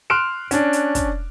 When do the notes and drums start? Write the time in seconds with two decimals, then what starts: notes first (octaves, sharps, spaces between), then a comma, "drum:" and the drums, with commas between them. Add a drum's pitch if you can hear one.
0.10 C6 F6 F#6 D7 E7
0.51 C#4 D4, drum: hi-hat
0.73 drum: hi-hat
0.95 drum: kick, hi-hat